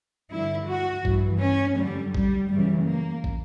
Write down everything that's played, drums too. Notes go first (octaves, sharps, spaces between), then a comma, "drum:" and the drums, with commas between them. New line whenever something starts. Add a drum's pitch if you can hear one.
G2 D3 E4
F#4
G2 E3, drum: kick
C#4
F#2 D3 G3
G3, drum: kick
F#2 C#3 E3 G3
A#3
drum: kick